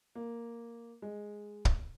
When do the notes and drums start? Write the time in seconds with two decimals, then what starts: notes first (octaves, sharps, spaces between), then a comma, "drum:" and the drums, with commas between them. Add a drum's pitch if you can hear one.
0.15 A#3
1.02 G#3
1.65 drum: kick